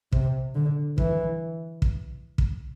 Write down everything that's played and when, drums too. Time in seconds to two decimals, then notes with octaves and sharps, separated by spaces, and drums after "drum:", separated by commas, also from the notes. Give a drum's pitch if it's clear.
0.12 C3, drum: kick
0.55 D3
0.98 E3, drum: kick
1.82 drum: kick
2.38 drum: kick